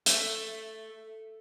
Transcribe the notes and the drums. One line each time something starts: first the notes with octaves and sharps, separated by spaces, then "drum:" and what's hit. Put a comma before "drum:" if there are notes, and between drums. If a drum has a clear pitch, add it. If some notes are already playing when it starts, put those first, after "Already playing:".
A3, drum: hi-hat